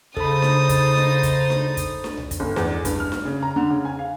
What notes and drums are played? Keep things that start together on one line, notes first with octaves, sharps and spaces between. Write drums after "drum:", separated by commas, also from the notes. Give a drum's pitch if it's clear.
C#3 D#4 A4 C5 B5 D#6 A6, drum: kick
drum: snare D4
drum: kick, hi-hat
drum: snare D4
drum: kick, hi-hat
drum: snare D4
drum: kick, hi-hat
drum: snare D4
drum: tom C2
drum: kick, hi-hat
G1
E2, drum: snare D4
G2, drum: kick, hi-hat
F6
drum: snare D4
C#3
A#5
D3
C#3
G#5
F5